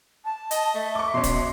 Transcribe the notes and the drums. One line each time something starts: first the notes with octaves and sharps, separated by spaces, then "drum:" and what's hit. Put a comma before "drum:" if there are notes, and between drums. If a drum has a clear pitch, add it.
A5
D#5, drum: hi-hat
A3 E5
C#6 D6
B2 C#4 C6
drum: kick, hi-hat